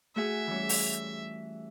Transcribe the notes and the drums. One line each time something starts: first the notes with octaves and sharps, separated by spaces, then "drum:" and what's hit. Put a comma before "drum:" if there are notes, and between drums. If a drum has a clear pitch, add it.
A3 F#4 G#4 E5
E3 G3 C#4
drum: open hi-hat